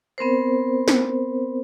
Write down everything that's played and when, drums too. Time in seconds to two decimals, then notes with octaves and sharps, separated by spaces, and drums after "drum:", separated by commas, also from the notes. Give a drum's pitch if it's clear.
0.18 B3 C4 A#4 C5
0.88 drum: snare